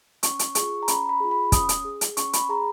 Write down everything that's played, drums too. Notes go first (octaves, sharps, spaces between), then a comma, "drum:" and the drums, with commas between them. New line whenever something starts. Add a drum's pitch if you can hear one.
C#4 C#6, drum: hi-hat
drum: hi-hat
F4 G#4 C#6, drum: hi-hat
A#5
C#4 B5, drum: hi-hat
B5
F4 G#4
B5
C#4 D#6, drum: kick, hi-hat
drum: hi-hat
G#4
drum: hi-hat
C#4 C#6, drum: hi-hat
B5, drum: hi-hat
G#4 A#5